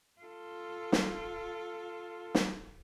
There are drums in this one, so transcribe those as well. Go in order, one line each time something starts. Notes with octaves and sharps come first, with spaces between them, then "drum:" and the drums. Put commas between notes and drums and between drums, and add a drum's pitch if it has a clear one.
F4 A4
drum: snare
drum: snare